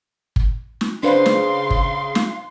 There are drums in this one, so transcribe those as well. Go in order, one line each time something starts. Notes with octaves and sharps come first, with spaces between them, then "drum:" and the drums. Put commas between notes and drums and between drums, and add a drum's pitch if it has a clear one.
drum: kick
drum: snare
C#3 D4 B4 C5 F5 C6
drum: snare
drum: kick
drum: snare